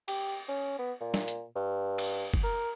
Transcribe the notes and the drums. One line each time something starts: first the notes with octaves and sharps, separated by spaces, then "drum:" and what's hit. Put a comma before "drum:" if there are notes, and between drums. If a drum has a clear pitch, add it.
G4, drum: cymbal
C#4
B3
A#2
drum: snare
drum: hi-hat
G2
drum: cymbal
drum: kick
A#4